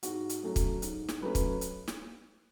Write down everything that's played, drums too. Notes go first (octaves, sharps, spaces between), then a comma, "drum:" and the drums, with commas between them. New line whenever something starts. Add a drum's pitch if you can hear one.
G#2 F#4, drum: hi-hat
drum: hi-hat
F#3 A3 C#4
drum: kick, hi-hat
G#2, drum: hi-hat
drum: snare
F#3 A3 C#4 B4
drum: kick, hi-hat
drum: hi-hat
drum: snare